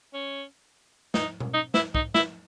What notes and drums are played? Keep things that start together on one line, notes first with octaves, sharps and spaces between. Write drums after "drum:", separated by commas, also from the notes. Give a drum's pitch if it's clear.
C#4
D#4, drum: snare
drum: tom B2
D#4
E4, drum: snare
D#4, drum: kick
E4, drum: snare